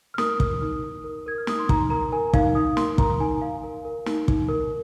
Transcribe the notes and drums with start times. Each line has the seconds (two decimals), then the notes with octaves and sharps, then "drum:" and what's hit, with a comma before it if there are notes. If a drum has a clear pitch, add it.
0.14 F6
0.18 A#4 D#6, drum: snare
0.40 A#4, drum: kick
0.62 D#4
0.83 D#4
1.04 A#4
1.27 A#4 G#6
1.38 F6
1.47 D#4 D#6, drum: snare
1.59 C6
1.69 D#4 A#5, drum: kick
1.90 A#4 A#5
2.12 A#4 G#5
2.33 D#4 F5, drum: kick
2.55 D#4 D#6
2.77 A#4 C6, drum: snare
2.98 A#4 A#5, drum: kick
3.20 D#4 G#5
3.42 D#4 F5
3.64 A#4
3.85 A#4
4.06 D#4, drum: snare
4.28 D#4, drum: kick
4.49 A#4